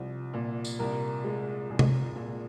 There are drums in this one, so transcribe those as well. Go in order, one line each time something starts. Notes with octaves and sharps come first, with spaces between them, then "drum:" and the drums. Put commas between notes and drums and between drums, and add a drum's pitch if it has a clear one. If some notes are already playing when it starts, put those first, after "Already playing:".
Already playing: C2 F3
A#2
drum: tambourine
C2 A#4
G#3
C2 G#4
drum: tom C3
A#2